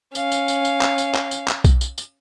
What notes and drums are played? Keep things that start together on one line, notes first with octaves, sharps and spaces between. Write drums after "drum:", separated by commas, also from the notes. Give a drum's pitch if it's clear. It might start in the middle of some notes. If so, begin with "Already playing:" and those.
C#4 F5, drum: tambourine
drum: tambourine
drum: tambourine
drum: tambourine
drum: clap
drum: tambourine
drum: clap
drum: tambourine
drum: clap
drum: kick B1, tambourine
drum: tambourine
drum: tambourine